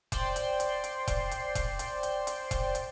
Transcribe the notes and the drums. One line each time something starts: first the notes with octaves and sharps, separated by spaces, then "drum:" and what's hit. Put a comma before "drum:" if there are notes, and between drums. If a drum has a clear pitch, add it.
C5 D5 G5 C6, drum: kick E1, hi-hat
drum: hi-hat
drum: hi-hat
drum: hi-hat
drum: kick E1, hi-hat
drum: hi-hat
drum: kick E1, hi-hat
drum: hi-hat
drum: hi-hat
drum: hi-hat
drum: kick E1, hi-hat
drum: hi-hat